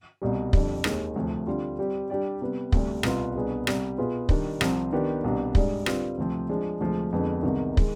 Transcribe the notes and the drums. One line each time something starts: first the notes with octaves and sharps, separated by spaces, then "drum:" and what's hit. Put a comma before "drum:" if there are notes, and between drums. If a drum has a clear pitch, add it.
C2 B2 G3
F2 D3 G3, drum: kick
D#2 D#3 G#3, drum: rim click
D2 C3 F3
D3 G3 C4 F4
G3 C4 G4
G3 D4 G4 D5
C3 G3 B3
D2 C3 G3, drum: kick
C2 B2 B3 F4, drum: rim click
C2 B2 B3 D4 G#4
C2 C3 G3, drum: rim click
B2 B3 F4 G#4 B4
D#3 G3 D4, drum: kick
C2 C3 F3 C4, drum: rim click
D#3 B3 D4 G4
C2 B2 B3 D4 G4
G#2 G3 D4 G#4 D5, drum: kick
D3 G3 C4 F4 B4, drum: rim click
D2 C3 F3 C4
F3 G#3 D4
D2 C3 F3 G#3
F2 D3 G#3 B3
C2 C3 D#3 G#3 B3
D#3 G#3, drum: kick